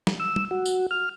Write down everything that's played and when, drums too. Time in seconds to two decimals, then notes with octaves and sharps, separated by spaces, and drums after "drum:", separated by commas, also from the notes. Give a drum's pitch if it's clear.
0.07 drum: snare
0.20 E6
0.36 drum: tom
0.51 F#4
0.65 drum: tambourine
0.91 F6